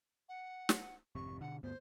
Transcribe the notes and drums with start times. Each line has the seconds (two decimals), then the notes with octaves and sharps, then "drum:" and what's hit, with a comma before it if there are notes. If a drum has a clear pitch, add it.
0.29 F#5
0.69 drum: snare
1.15 G#1 F2 C3 C#6
1.41 B2 D3 F#5
1.63 D2 G2 B3 C5